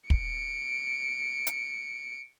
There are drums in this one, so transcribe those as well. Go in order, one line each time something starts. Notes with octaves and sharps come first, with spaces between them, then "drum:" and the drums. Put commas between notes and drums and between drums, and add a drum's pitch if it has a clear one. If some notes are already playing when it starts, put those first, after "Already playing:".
C#7 D7, drum: kick
drum: hi-hat